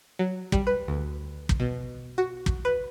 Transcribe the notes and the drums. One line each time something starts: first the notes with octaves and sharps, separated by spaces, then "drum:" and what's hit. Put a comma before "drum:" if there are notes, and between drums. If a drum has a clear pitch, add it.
F#3
G3, drum: kick
B4
D2
drum: kick
B2
F#4
drum: kick
B4